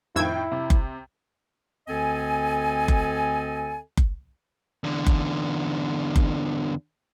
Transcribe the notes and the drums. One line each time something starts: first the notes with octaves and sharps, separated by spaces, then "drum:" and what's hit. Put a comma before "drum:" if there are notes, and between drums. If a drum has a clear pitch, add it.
F2 A2 D#3 E4 G5 E6 G#6
C3
drum: kick F#1
D2 D3 C4 A4 D#5 G#5
drum: kick F#1
drum: kick F#1
E2 D3
drum: kick F#1
drum: kick F#1